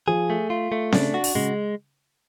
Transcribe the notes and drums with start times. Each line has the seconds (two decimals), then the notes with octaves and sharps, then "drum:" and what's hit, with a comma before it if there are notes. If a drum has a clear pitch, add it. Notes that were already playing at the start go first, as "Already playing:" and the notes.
0.07 F3 G#4
0.30 A3
0.50 F4
0.72 A3
0.92 C#3 D4, drum: snare C4
1.14 F#4
1.24 drum: open hi-hat
1.35 C#3 G#3